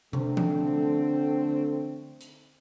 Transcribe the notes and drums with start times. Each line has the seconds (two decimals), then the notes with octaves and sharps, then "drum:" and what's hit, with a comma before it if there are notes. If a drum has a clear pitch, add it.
0.13 D3 A3 C4, drum: tom B2
0.37 drum: tom E3
2.21 drum: hi-hat